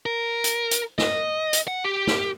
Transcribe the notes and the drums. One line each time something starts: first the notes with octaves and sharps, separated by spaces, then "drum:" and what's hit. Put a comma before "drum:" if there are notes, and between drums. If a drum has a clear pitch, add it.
A#4
drum: hi-hat
drum: hi-hat
D#5, drum: snare
drum: hi-hat
F#5
G4
drum: snare